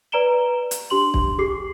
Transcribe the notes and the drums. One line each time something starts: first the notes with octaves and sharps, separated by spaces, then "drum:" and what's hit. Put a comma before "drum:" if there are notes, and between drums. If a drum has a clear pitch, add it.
B4 D5 A#5 D7 E7 G7
drum: hi-hat
D4 G4 C6 F#7
drum: kick
G4 G#4 D6 C7